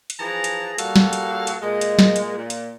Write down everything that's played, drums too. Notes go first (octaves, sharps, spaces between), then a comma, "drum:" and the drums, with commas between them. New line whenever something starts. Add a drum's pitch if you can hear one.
drum: hi-hat
E3 F3 G#4 A5 A#5
drum: hi-hat
A#2 G3 F#4 A4 F5, drum: hi-hat
drum: snare
drum: hi-hat
drum: hi-hat
A#2 G#3
drum: hi-hat
drum: snare
drum: hi-hat
A#2
drum: hi-hat